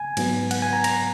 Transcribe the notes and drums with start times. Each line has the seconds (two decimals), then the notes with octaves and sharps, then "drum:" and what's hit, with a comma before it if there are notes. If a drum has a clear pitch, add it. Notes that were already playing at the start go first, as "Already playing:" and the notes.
Already playing: G#5
0.17 G#2 F#3 B3, drum: cymbal
0.51 F#5, drum: cymbal
0.62 G#5
0.73 A#5
0.84 A#5, drum: cymbal